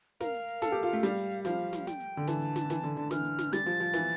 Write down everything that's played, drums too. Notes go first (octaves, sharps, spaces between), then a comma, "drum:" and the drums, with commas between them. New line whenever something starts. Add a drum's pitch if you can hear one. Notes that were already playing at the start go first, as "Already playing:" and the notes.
A#4 F5, drum: snare
drum: hi-hat
drum: hi-hat
A4, drum: snare
G4
F4
A3
G3, drum: snare
drum: hi-hat
drum: hi-hat
F3 F5, drum: snare
drum: hi-hat
drum: snare
G5, drum: snare
drum: hi-hat
D3
E3 A5, drum: snare
drum: hi-hat
drum: snare
E3, drum: snare
D3, drum: hi-hat
D3, drum: hi-hat
E3 F6, drum: snare
drum: hi-hat
drum: snare
G3 A6, drum: snare
F3, drum: hi-hat
F3, drum: hi-hat
E3, drum: snare